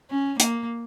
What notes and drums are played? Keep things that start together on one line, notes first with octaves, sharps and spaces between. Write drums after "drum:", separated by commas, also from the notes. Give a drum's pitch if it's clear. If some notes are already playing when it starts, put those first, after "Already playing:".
C#4
A#3, drum: hi-hat